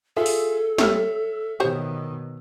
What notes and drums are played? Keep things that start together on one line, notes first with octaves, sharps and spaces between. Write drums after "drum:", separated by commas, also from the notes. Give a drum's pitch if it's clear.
F4 G#4 A4 E5
drum: open hi-hat
G3 C#5 E5 E6 F6, drum: snare
B2 D#3 G4 C5 C#5